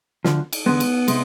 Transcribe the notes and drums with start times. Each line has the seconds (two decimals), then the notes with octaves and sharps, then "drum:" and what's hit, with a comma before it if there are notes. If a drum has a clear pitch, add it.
0.25 D2 D3 F3, drum: snare
0.53 drum: cymbal
0.66 E2 D3 G#3 B3
0.80 drum: cymbal
1.08 C3 G#3, drum: cymbal